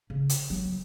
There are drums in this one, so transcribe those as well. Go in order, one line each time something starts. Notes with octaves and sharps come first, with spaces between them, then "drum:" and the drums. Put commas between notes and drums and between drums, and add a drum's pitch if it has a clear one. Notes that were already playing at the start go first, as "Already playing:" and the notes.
C#3
drum: hi-hat
F#3